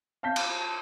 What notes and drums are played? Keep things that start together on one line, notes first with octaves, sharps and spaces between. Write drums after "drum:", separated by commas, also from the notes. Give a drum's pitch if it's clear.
F5 A5 G6 B6
drum: cymbal